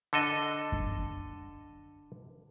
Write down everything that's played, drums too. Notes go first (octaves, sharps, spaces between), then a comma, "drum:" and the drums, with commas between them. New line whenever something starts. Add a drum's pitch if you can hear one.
D3 A4 D#5
drum: kick F#2